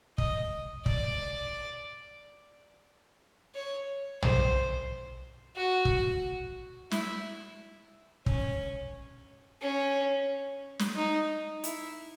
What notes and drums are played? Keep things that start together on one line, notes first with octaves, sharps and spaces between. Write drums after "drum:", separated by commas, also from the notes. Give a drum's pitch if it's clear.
D#5, drum: kick
D5, drum: kick
C#5
C5, drum: tom
F#4
drum: kick
E4, drum: snare
C#4, drum: kick
C#4
drum: snare
D#4
E4, drum: hi-hat